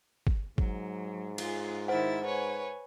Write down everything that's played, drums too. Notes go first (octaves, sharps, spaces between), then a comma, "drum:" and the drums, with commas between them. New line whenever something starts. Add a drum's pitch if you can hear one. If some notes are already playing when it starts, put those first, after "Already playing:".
drum: kick G#1
G#2 F#3, drum: kick G#1
F4 G#4, drum: cymbal
D#3 E4 C5 F#5 A6
B4 C#5 G#5